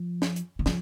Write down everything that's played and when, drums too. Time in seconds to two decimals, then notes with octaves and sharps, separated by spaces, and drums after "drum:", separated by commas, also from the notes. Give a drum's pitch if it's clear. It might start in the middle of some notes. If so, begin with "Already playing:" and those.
Already playing: F3
0.22 drum: snare
0.36 drum: hi-hat
0.59 D3
0.66 F3, drum: snare